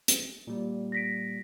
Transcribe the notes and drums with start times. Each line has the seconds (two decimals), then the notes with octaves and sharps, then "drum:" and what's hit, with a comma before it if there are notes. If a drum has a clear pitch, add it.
0.08 drum: hi-hat
0.47 A#2 G3
0.92 A#6 B6 D7